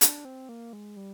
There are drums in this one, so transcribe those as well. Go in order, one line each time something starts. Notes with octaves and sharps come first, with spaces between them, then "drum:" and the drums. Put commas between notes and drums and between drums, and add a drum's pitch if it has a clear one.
D4, drum: hi-hat
C4
A#3
G#3
G3